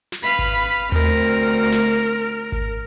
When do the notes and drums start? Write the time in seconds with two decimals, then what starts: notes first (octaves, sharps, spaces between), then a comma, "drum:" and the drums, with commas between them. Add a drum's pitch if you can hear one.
0.12 drum: snare
0.23 B4 F5 B5
0.39 drum: kick G#1, hi-hat
0.65 drum: hi-hat
0.92 D2 C4 A#4, drum: tom D#2
1.19 drum: open hi-hat
1.46 drum: hi-hat
1.72 drum: snare
1.99 drum: hi-hat
2.26 drum: hi-hat
2.52 drum: kick G#1, hi-hat